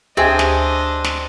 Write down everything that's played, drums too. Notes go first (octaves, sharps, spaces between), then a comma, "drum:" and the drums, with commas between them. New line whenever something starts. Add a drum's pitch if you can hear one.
D2 C4 D4 G4 G#4 D#5 E5 G#5
drum: snare
drum: snare